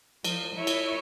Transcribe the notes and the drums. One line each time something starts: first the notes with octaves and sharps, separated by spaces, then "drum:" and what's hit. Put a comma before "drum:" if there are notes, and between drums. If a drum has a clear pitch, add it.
F3, drum: cymbal
E4 C#5
drum: cymbal